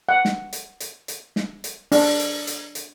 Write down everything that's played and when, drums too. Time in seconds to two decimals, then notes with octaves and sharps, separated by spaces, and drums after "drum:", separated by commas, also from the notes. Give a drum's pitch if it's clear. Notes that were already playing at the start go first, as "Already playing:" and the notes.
0.09 F#5
0.25 drum: snare
0.53 drum: hi-hat
0.80 drum: hi-hat
1.08 drum: hi-hat
1.36 drum: snare
1.64 drum: hi-hat
1.92 D4, drum: open hi-hat
2.19 drum: hi-hat
2.47 drum: hi-hat
2.75 drum: hi-hat